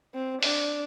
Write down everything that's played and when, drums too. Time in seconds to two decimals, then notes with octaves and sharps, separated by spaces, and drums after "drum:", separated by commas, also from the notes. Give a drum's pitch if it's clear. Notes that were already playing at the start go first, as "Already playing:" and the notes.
0.14 C4
0.43 D4, drum: open hi-hat